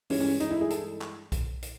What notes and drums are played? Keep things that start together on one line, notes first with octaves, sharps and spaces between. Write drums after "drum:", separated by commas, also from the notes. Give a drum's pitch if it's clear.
G2 E3 G#3 C#4, drum: open hi-hat
C#4
D#4, drum: hi-hat
E4
G#4
A4, drum: hi-hat
drum: clap
drum: kick B1, hi-hat
drum: hi-hat